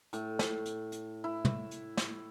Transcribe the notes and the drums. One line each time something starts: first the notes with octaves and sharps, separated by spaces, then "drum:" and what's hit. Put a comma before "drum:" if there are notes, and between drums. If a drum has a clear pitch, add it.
A2, drum: hi-hat
drum: snare
drum: hi-hat
drum: hi-hat
E4
drum: tom
drum: hi-hat
drum: snare